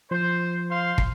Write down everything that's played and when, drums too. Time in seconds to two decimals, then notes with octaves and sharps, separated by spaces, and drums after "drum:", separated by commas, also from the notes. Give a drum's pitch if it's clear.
0.11 F3 C5
0.70 C5 F5 C6
0.98 drum: kick